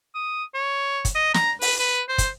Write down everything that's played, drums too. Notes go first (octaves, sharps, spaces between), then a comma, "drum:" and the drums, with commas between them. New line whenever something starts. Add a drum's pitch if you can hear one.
D#6
C#5
drum: kick, hi-hat
D#5
A#5, drum: snare
B4, drum: open hi-hat
B4
C5
drum: kick, hi-hat